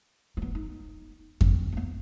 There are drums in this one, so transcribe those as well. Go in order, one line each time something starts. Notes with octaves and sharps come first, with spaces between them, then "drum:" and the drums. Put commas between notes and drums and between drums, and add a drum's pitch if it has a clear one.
C4
B3
D#4
C4, drum: kick F2
C4
B3